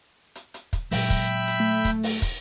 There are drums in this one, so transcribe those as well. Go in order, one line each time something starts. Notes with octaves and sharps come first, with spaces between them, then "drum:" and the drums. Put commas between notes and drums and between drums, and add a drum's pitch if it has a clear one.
drum: hi-hat
drum: hi-hat
drum: kick, hi-hat
A#2 F#3 G#3 E5 G5 B5, drum: open hi-hat
drum: kick, hi-hat
drum: hi-hat
A3
drum: kick, hi-hat
drum: open hi-hat
drum: kick, hi-hat